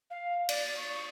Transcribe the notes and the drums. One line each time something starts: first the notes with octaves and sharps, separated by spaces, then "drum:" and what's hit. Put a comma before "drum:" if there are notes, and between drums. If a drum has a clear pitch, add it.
F5
D5, drum: cymbal
C#6